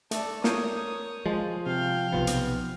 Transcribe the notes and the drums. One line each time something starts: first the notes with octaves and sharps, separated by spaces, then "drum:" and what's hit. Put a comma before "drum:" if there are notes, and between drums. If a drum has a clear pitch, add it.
A3 A4 D5, drum: hi-hat
A#4 C#5 D#6 G6, drum: snare
F3 G#3
C3 F5 G5
B1 C3 F3 B3 F4
drum: hi-hat